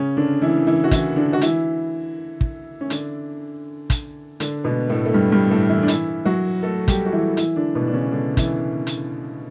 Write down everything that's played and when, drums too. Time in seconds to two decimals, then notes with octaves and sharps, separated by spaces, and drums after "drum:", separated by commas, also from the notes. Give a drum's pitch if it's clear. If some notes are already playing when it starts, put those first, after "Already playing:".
Already playing: C#3 C#4
0.17 D3 D4
0.42 E3 E4
0.67 E3 E4
0.84 F#4
0.91 E3 E4, drum: kick, hi-hat
1.16 D3 D4
1.33 F#4
1.41 E3 E4, drum: hi-hat
2.41 drum: kick
2.81 C#4
2.90 D3 D4, drum: hi-hat
3.90 drum: kick, hi-hat
4.40 D3 D4, drum: hi-hat
4.64 B2 B3
4.89 A2 A3
5.06 A3
5.14 G2 G3
5.32 G2 G3
5.51 A2 A3
5.69 E3 E4
5.83 D4
5.88 E3 E4, drum: hi-hat
6.25 F#3 F#4
6.63 A3 A4
6.88 G3 G4, drum: kick, hi-hat
7.06 F#4
7.12 E3 E4
7.37 E3 E4, drum: hi-hat
7.56 D3 D4
7.75 B2 B3
7.87 D4
7.93 C#3 C#4
8.04 C#4
8.12 D3 D4
8.37 E3 E4, drum: kick, hi-hat
8.87 drum: hi-hat